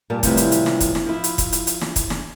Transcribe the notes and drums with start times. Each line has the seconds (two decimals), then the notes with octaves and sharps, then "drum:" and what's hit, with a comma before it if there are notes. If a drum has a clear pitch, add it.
0.10 A#2 G3 A#4 A5
0.23 A2 C3 E3 F3 G3, drum: kick, hi-hat
0.37 drum: hi-hat
0.52 drum: hi-hat
0.66 drum: snare
0.80 drum: kick, hi-hat
0.95 drum: snare
1.06 F3 E4
1.24 drum: hi-hat
1.38 drum: kick, hi-hat
1.52 drum: hi-hat
1.67 drum: hi-hat
1.81 drum: snare
1.96 drum: kick, hi-hat
2.10 drum: snare